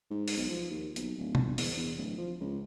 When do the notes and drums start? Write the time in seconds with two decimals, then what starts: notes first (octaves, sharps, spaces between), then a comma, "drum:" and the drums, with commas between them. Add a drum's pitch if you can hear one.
0.11 G#2
0.28 drum: open hi-hat
0.37 B1
0.49 F3
0.70 D#2
0.96 B1, drum: hi-hat
1.18 D1
1.35 G1, drum: tom
1.58 E2, drum: open hi-hat
1.76 E2
1.97 D1
2.18 F3
2.40 C#2